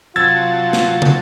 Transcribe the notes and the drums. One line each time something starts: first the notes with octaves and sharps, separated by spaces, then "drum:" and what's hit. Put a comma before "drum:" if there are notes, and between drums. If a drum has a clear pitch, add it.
C3 F#3 F4 A5 E6 G#6 A6
drum: snare
drum: tom